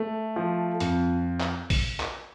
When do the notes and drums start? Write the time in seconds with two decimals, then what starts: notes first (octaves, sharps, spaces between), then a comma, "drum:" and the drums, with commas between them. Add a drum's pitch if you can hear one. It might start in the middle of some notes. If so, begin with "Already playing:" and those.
Already playing: A3
0.36 F3
0.80 F2, drum: hi-hat
1.40 drum: clap
1.70 drum: kick A#1, open hi-hat
2.00 drum: clap